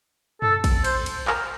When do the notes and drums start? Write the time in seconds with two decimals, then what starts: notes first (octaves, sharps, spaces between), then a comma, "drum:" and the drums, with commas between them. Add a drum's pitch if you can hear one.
0.42 A4, drum: tom F#2
0.64 drum: kick, cymbal
0.84 C5, drum: cymbal
1.06 drum: cymbal
1.27 A#4, drum: clap